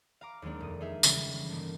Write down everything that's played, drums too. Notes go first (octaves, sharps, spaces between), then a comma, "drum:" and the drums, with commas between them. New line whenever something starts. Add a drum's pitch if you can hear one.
F5 A#5 D6
D#2 F#3 G#3 A#3 D4
F1 D#6
D#4 G#4 E5 F5
C#3 E3 G3, drum: tambourine
G1 A#3 D#4